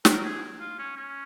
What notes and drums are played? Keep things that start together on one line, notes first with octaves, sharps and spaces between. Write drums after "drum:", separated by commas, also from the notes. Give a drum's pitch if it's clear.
A#4, drum: snare
G#4
F4
C#4
C#4